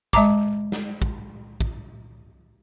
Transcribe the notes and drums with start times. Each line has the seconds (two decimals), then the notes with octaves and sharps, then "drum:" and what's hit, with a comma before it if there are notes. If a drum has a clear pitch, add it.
0.13 G#3 E5 A5 A#5 D6, drum: kick
0.72 drum: snare
1.02 drum: kick
1.61 drum: kick